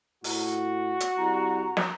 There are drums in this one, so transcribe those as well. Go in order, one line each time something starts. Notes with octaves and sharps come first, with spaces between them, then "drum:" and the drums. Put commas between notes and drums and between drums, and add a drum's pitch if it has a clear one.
A2 F#4, drum: open hi-hat
drum: hi-hat
C2 A#5
drum: snare